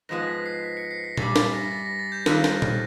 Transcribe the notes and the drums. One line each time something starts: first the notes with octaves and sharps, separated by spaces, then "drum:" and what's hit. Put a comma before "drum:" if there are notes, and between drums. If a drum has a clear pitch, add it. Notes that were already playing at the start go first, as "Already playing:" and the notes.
G#2 F3 G#3 B3 A#6
B6
C7
B6
B6 C#7
C7
A#6
G2 E3 G3 A6, drum: tom A#2
A6, drum: snare
B6
A#6
A6
A#6
A6
G6
D#3 G3 C4 F4 A4 F#6, drum: snare
drum: snare
drum: tom A#2